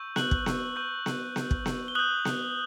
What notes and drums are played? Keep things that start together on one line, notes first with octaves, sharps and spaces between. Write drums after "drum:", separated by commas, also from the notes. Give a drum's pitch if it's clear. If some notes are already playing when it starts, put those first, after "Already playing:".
Already playing: C#6 E6 G6
F#6 F#7, drum: snare B3
drum: kick
drum: snare B3
C#6 E6 G6
drum: snare B3
drum: snare B3
drum: kick
drum: snare B3
G7
D#6 F#6 G6 F#7
drum: snare B3